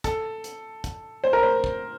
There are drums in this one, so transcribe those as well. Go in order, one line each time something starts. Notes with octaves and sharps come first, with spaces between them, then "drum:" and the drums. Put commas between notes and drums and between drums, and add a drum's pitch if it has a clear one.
A4, drum: kick, hi-hat
drum: hi-hat
drum: kick, hi-hat
C5
A#4
C5
drum: kick